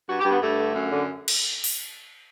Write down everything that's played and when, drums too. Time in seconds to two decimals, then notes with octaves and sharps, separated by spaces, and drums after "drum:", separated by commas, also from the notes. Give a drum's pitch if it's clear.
0.09 G2 F#4
0.20 G4
0.25 G2
0.31 B3
0.42 G2 A3
0.58 D3
0.75 F#2
0.91 D3
1.28 drum: cymbal
1.64 drum: open hi-hat